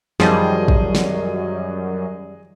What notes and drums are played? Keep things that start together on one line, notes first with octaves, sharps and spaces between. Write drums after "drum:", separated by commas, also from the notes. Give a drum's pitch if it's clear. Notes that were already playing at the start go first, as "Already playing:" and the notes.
F#2 D#3 F3 G3 G#4 D#5, drum: snare
drum: kick
drum: snare